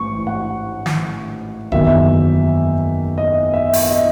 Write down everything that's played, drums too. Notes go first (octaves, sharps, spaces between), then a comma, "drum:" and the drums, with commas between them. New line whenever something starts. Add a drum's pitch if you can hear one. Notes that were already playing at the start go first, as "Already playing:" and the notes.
Already playing: A1 G#2 E3 C#6
F#5
drum: snare
F#1 E2 D#3 F#3 E5, drum: kick D#1
D#5
E5
drum: open hi-hat
E5
D#5